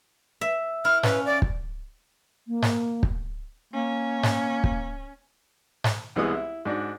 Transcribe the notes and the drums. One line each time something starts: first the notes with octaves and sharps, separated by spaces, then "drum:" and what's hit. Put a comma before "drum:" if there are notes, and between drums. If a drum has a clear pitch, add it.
E5
E4 F6
C#4 B4 F5, drum: snare G#2
D5
drum: kick
A#3
drum: snare G#2
drum: kick
A#3 C#4
drum: snare G#2
drum: kick
drum: snare G#2
C2 E3 G#3 B3 D#6
E4
G#2 D4 F#4